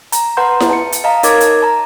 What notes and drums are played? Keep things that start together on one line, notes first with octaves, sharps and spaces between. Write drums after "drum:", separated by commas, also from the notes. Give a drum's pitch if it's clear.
A#5, drum: hi-hat
B4 F#5 A5 A#5 C6 G6
drum: snare E4
A5 C#7
drum: hi-hat
D#5 F5 A5 A#5
D#4 A#4 C#5 D#5 D6 G#6, drum: hi-hat
drum: hi-hat
A5 A#5